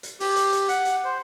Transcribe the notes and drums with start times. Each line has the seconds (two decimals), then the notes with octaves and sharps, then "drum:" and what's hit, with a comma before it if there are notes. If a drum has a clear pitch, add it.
0.03 drum: hi-hat
0.20 G4, drum: open hi-hat
0.36 drum: hi-hat
0.52 drum: hi-hat
0.69 F#5, drum: hi-hat
0.85 drum: hi-hat
1.05 C5